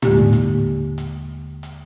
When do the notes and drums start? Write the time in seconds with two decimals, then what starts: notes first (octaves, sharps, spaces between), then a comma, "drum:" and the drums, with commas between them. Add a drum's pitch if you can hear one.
0.02 D#2 D3 G#3 A#3 G4, drum: tom
0.33 drum: hi-hat
0.98 drum: hi-hat
1.63 drum: hi-hat